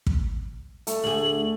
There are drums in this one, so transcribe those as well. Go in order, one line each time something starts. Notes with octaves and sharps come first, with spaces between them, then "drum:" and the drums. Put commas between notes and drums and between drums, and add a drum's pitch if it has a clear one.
drum: kick
A3, drum: hi-hat
D2 G#4 F#7